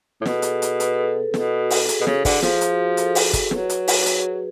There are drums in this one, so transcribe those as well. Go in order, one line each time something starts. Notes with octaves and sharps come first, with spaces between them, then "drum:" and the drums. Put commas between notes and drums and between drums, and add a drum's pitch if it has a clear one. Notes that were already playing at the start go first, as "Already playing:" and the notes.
A2
B2 A4, drum: snare
G#4
A4, drum: hi-hat
drum: hi-hat
B4, drum: hi-hat
A4
A4
B2 A4, drum: snare
F#4
drum: open hi-hat
G#4, drum: hi-hat
B2
C#3, drum: snare
G#4
D3, drum: kick, open hi-hat
F3 G#4, drum: snare
drum: hi-hat
F#4
A4, drum: hi-hat
drum: open hi-hat
drum: kick, hi-hat
F#3 B4, drum: snare
drum: hi-hat
drum: open hi-hat
F#4
G#4, drum: hi-hat
F#4